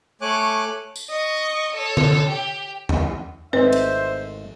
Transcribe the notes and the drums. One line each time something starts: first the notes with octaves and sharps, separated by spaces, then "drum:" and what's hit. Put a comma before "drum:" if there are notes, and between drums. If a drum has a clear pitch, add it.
A3 C#5 G#5 D6 F#6
drum: tambourine
D#5 C#6
A4 C#5
drum: tom D3
G4
drum: tom E2
G#1 A3 C4 D#4 B4 C5 E5
drum: cymbal